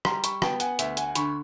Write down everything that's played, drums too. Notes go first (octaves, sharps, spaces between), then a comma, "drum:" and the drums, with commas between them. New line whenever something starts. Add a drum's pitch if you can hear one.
G3 A#5 C6, drum: rim click
B5 C#6, drum: hi-hat
B3 G5 A5, drum: rim click
F#5 G#5, drum: hi-hat
D2 E5 F#5, drum: hi-hat
F#5 G#5, drum: hi-hat
D3 B5 C#6, drum: hi-hat